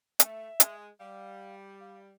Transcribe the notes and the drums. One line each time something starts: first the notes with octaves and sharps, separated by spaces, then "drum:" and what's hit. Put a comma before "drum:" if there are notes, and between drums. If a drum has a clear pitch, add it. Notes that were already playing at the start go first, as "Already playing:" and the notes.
A3 E5, drum: hi-hat
G#3, drum: hi-hat
G3 F5
F5